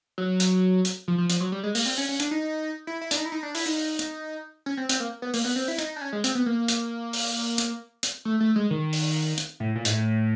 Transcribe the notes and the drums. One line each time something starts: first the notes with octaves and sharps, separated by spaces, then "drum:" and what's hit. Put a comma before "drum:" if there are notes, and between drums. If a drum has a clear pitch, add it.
F#3
drum: hi-hat
drum: hi-hat
F3
F3
F3, drum: hi-hat
F#3
G3
G#3
A#3, drum: open hi-hat
C4
C#4
C#4
D4, drum: hi-hat
D#4
E4
E4
D4, drum: hi-hat
D#4
E4
D#4
D4
E4, drum: open hi-hat
D#4
drum: hi-hat
C#4
C4
C4, drum: hi-hat
A#3
B3
A#3, drum: open hi-hat
B3
C4
E4
D#4, drum: hi-hat
D4
C#4
G#3
C4, drum: hi-hat
B3
A#3
drum: hi-hat
drum: open hi-hat
drum: hi-hat
drum: hi-hat
A3
A3
G#3
D#3
drum: open hi-hat
drum: hi-hat
A2
A#2
G#2, drum: hi-hat
A2